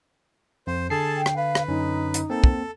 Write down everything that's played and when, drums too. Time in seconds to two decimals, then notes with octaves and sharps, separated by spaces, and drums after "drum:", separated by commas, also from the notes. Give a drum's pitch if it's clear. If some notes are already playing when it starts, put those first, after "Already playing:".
0.67 F2 C5
0.90 D3 G#4 A4 A5 C7
1.17 G5
1.26 drum: rim click
1.37 B4 F5
1.55 drum: rim click
1.68 F#2 D3 C#4 D#4
2.14 drum: hi-hat
2.30 A#3 C4 A4
2.44 drum: kick